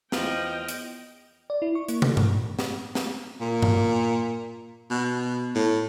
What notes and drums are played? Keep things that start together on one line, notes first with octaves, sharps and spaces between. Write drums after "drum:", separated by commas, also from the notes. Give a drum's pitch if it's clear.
E2 F3 D#5 G5, drum: snare
drum: hi-hat
D5
E4
C#6
A#3, drum: hi-hat
A3, drum: tom
F3, drum: tom G2
A#2
drum: snare
drum: snare
A#2
drum: tom G2
B2
A2